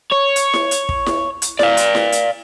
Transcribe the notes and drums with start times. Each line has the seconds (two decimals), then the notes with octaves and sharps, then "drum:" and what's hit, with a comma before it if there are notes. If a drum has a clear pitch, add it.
0.12 C#5
0.36 drum: hi-hat
0.53 drum: snare E4
0.71 drum: hi-hat
0.89 drum: kick
1.06 drum: snare E4
1.42 drum: hi-hat
1.59 D5 F5, drum: snare E4
1.77 drum: hi-hat
1.95 drum: snare E4
2.12 drum: hi-hat